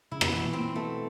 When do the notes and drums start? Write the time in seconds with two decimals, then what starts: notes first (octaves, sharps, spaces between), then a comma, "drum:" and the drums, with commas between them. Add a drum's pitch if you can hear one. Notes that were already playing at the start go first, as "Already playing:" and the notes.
0.11 C#3 E4
0.21 A#2, drum: rim click
0.27 B2
0.32 E3
0.44 A#2
0.53 C4
0.59 A#2
0.75 B2 A3